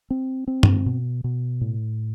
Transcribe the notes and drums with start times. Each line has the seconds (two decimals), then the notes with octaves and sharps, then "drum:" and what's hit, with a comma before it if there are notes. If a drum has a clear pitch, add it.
0.10 C4
0.47 C4
0.63 drum: tom G2
0.86 B2
1.24 B2
1.61 A2